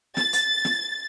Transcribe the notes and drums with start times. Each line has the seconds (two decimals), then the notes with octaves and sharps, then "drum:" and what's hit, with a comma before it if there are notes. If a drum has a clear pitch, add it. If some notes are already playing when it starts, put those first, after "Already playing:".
0.17 A6, drum: snare
0.33 drum: hi-hat
0.65 drum: snare